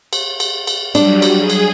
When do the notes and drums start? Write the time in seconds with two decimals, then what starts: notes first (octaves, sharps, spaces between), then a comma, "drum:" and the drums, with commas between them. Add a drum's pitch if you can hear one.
0.13 drum: cymbal
0.40 drum: cymbal
0.67 drum: cymbal
0.95 F#3 G3 D4, drum: cymbal
1.22 drum: cymbal
1.36 G#4
1.50 drum: cymbal